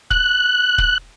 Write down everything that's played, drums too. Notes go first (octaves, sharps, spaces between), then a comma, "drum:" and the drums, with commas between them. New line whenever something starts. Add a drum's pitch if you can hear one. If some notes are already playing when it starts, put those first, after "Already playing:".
F#6, drum: kick
drum: kick